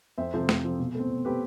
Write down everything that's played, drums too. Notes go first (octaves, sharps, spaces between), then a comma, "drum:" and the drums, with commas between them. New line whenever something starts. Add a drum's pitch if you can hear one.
F2 C5 E5
C3 F3 C4 A4 C5
F2, drum: snare A3
C3 F3 C4
B2
A3 C4
B2
A3 C4 G4 B4